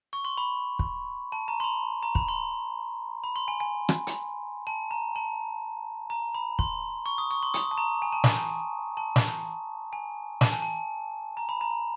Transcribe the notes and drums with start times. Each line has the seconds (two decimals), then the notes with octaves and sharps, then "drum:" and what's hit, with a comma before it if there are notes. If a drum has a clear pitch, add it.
0.13 C#6
0.25 C6
0.38 B5
0.79 drum: kick
1.32 A5
1.48 A#5
1.60 C6
1.64 B5
2.03 A#5
2.15 B5, drum: kick
2.28 C6
3.24 B5
3.36 C6
3.48 G#5
3.60 G#5
3.89 drum: rim click
4.07 drum: hi-hat
4.67 A5
4.91 A#5
5.16 A5
6.10 A#5
6.35 B5
6.59 C6, drum: kick
7.06 C#6
7.18 D#6
7.31 C#6
7.43 C6
7.54 D#6, drum: hi-hat
7.71 A5
7.78 A#5
8.02 G#5
8.12 A5
8.24 G#5, drum: snare
8.97 A5
9.16 drum: snare
9.93 G#5
10.41 A5, drum: snare
10.52 G#5
10.62 A5
11.37 A#5
11.49 B5
11.61 A#5